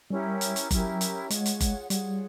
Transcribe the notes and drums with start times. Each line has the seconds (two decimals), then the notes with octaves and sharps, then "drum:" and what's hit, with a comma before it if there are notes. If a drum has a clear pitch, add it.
0.10 G3 C#4 E4 G4 A#4
0.41 drum: hi-hat
0.56 drum: hi-hat
0.71 F#3 C#4 E4 G4 A#4, drum: kick F#1, hi-hat
1.01 drum: hi-hat
1.30 G#3 F4 G#4 C#5 F#5, drum: hi-hat
1.46 drum: hi-hat
1.60 drum: kick F#1, hi-hat
1.90 G3 F4 G#4 C#5 F#5, drum: hi-hat